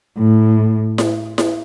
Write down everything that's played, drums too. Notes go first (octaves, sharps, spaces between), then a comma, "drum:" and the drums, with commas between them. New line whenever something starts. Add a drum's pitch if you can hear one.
A2
drum: snare E4
drum: snare E4